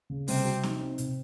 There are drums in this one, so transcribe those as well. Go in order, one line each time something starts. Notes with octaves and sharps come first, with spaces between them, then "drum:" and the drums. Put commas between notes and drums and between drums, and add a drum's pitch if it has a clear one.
C#3
C3 G3 C4, drum: open hi-hat
F#4
D#4, drum: snare C4
C4
C3, drum: hi-hat